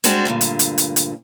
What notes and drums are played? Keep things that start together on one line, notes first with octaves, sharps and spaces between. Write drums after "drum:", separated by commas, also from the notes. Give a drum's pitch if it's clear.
G3 G#3 C4 D4 F#4 G4, drum: hi-hat
D2 G2 A#2 D3
drum: hi-hat
drum: hi-hat
drum: hi-hat
drum: hi-hat